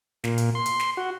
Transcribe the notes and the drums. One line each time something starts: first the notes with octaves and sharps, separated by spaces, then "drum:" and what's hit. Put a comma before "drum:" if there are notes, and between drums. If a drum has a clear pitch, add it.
A#2, drum: snare
drum: hi-hat
C6
drum: hi-hat
drum: snare
F#4